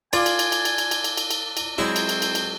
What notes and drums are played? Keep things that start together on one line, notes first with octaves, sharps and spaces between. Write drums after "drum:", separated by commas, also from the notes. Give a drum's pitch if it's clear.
F4 D5 G#5, drum: cymbal
drum: cymbal
drum: cymbal
drum: cymbal
drum: cymbal
drum: cymbal
drum: cymbal
drum: cymbal
drum: cymbal
drum: cymbal
drum: cymbal
F#3 G#3 C4 E4
drum: cymbal
drum: cymbal
drum: cymbal
drum: cymbal